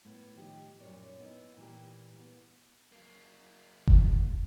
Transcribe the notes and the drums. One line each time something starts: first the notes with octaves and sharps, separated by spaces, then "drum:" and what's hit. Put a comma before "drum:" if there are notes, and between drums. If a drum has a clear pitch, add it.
A2 A#3 B3
A2 D#3 F3 G4
F#2 A#2 C#3 A#4 C#5 D5
A#3 B3 D#4 E4
A#2 E3 A#3 G4
A#3 B3
F#3 A#3
drum: kick F1